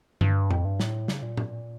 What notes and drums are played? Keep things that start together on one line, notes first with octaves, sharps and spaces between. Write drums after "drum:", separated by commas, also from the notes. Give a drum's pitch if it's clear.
G2, drum: tom D3
F2, drum: tom A2
G2
A2, drum: snare
C#3, drum: snare
A#2
drum: tom A2